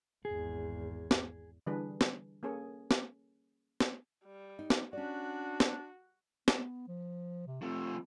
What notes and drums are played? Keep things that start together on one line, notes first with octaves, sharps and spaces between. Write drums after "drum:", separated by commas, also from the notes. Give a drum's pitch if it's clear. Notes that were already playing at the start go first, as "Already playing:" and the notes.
G#1 E2 G#4
drum: snare
D3 E3 G3 D4 G#4 B4
drum: snare
A#3 C#4 G#4 A4 C#5
drum: snare
drum: snare
G3
D#4
drum: snare
C#4 D4 F#4 D5
drum: snare
B3, drum: snare
F3
C3
F3 A3 C4